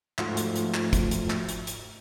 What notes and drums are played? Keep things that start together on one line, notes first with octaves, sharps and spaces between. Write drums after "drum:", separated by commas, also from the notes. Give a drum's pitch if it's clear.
G#2 F3 A3 F4 F#4, drum: clap
drum: hi-hat
drum: hi-hat
drum: clap
drum: kick, hi-hat
drum: hi-hat
drum: clap
drum: hi-hat
drum: hi-hat